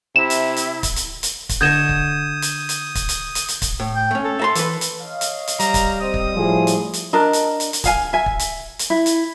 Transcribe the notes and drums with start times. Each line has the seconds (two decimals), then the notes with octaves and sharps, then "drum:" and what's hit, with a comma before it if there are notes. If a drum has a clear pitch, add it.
0.16 C3 E4 E7
0.30 drum: hi-hat
0.56 drum: hi-hat
0.83 drum: kick, hi-hat
0.96 drum: hi-hat
1.23 drum: hi-hat
1.49 drum: kick, hi-hat
1.61 D3 D#5 C#6 D#6 G6 G#6 E7
1.89 drum: kick
2.42 drum: hi-hat
2.69 drum: hi-hat
2.95 drum: kick, hi-hat
3.09 drum: hi-hat
3.35 drum: hi-hat
3.48 drum: hi-hat
3.62 drum: kick, hi-hat
3.80 A2
3.95 G5
4.11 A3 C#4
4.25 A4
4.39 E5 A#5 C6
4.55 E3 B4, drum: hi-hat
4.81 drum: hi-hat
5.02 C#5 D#5 F5
5.21 drum: hi-hat
5.47 drum: hi-hat
5.60 G3 A#5, drum: hi-hat
5.74 drum: kick, hi-hat
6.01 C4 C5 D#5 D#6
6.14 drum: kick
6.36 A2 F3 G#4
6.67 drum: hi-hat
6.93 drum: hi-hat
7.13 D4 A#4 D#5
7.33 drum: hi-hat
7.60 drum: hi-hat
7.73 drum: hi-hat
7.84 G#4 F5 G#5, drum: kick, hi-hat
8.13 E5 G#5
8.26 drum: kick
8.39 drum: hi-hat
8.79 drum: hi-hat
8.90 E4
9.06 drum: hi-hat